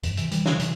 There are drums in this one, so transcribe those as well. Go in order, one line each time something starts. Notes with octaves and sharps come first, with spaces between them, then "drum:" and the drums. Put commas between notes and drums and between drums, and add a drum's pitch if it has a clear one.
E2 G2, drum: hi-hat
C3 E3, drum: hi-hat
E3 G3, drum: hi-hat
C#3 F3, drum: snare
C3 E3, drum: hi-hat